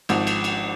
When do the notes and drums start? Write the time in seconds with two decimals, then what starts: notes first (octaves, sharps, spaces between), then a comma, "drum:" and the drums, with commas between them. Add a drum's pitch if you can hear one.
0.09 G#1 G#2 F3, drum: cymbal
0.27 drum: cymbal
0.44 drum: cymbal